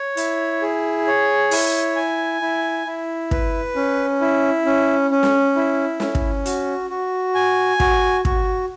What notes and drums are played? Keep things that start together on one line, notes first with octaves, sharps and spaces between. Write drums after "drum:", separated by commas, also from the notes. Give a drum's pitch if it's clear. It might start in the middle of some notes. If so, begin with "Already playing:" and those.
Already playing: C#5
E4, drum: hi-hat
G#4
C#5
E4, drum: open hi-hat
G#5
E4
E4
B4, drum: kick
C#4
E4
C#4
C#4
drum: snare
E4
C#4, drum: snare
drum: kick
F#4, drum: hi-hat
F#4
G#5
F#4, drum: kick
F#4, drum: kick